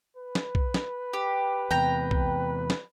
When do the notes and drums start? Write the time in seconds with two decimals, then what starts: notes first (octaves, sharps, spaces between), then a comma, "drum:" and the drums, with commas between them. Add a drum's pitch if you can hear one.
0.17 B4
0.35 drum: snare
0.55 drum: kick
0.74 drum: snare
1.13 G4
1.71 E2 C3 G5 A#5
2.11 drum: kick
2.70 drum: snare